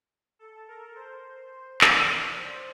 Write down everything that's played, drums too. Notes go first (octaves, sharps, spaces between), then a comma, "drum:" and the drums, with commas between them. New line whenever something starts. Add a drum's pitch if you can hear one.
A4
A#4
C5
C5
D5, drum: clap
D5
C5